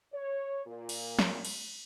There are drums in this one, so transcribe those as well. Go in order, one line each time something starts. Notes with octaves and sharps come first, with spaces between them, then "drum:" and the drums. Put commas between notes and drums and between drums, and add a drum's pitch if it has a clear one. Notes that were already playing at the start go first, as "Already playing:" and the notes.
C#5
A#2
drum: cymbal
drum: snare
drum: cymbal